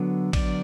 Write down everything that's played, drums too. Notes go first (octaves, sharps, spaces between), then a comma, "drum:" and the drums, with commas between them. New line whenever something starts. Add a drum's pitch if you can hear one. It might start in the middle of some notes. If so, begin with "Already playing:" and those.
Already playing: D3 F#3 B3 D4
D5, drum: kick, cymbal